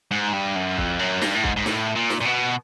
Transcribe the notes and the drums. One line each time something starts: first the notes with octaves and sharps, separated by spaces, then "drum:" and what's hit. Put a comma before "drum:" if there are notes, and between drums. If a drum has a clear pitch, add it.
G#2
G2
F#2
F2, drum: kick
F#2
G2, drum: snare
A2
G#2, drum: kick
G#2
A2, drum: snare
A#2
drum: snare
A#2
B2